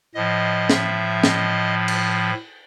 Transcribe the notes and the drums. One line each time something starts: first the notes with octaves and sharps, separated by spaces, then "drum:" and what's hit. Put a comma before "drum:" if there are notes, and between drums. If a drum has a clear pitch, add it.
A2 F3 D#5
E5, drum: snare
D#5, drum: snare
drum: cymbal